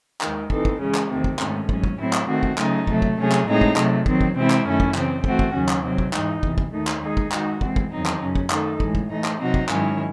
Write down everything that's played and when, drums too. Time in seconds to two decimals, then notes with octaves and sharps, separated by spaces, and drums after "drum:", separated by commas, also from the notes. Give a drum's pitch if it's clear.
0.21 D#2 D#3 G#3, drum: clap
0.50 E3 C4 D#4 A4, drum: kick
0.65 drum: kick
0.80 C#3 E3 G#3 C#4
0.95 drum: clap
1.09 E2 C3 D#3 A3 C4
1.24 drum: kick
1.39 G#2 D#3 A3 C#4, drum: clap
1.69 G#2 F#3 C#4, drum: kick
1.84 drum: kick
1.98 A2 F#3 C4 E4
2.13 drum: clap
2.28 D#3 A3 C4 F#4
2.43 drum: kick
2.58 C#3 F#3 A3 D#4, drum: clap
2.87 C3 F#3 A3, drum: kick
3.02 drum: kick
3.17 C3 F#3 A3 C#4 G#4
3.32 drum: clap
3.47 A2 G#3 C4 D#4 G#4
3.61 drum: kick
3.76 C3 F#3 A3, drum: clap
4.06 D#3 F#3 C4, drum: kick
4.21 drum: kick
4.35 C3 E3 G#3 C4 E4
4.50 drum: clap
4.65 F#2 D#3 A3 C#4 E4
4.80 drum: kick
4.95 C#3 E3 C4, drum: clap
5.24 E3 A3 C4 F#4, drum: kick
5.39 drum: kick
5.53 D#2 C#3 F#3 C#4
5.69 drum: clap
5.84 C3 F#3 C4
5.98 drum: kick
6.13 G#2 E3 G#3 D#4, drum: clap
6.43 E2 C3 E3, drum: kick
6.58 drum: kick
6.72 D#2 D#3 A3 D#4
6.87 drum: clap
7.02 D#3 G#3 D#4 G#4
7.17 drum: kick
7.32 D#3 G#3 D#4 F#4, drum: clap
7.61 E3 G#3 C4, drum: kick
7.76 drum: kick
7.91 E2 D#3 F#3 C4 D#4
8.06 drum: clap
8.20 F#2 C#3 F#3 C#4
8.35 drum: kick
8.50 D#3 A3 D#4 A4, drum: clap
8.80 A2 E3 G#3, drum: kick
8.95 drum: kick
9.09 E3 A3 D#4
9.24 drum: clap
9.39 C3 F#3 C4 D#4 F#4
9.54 drum: kick
9.69 G#2 D#3 F#3 C#4 E4, drum: clap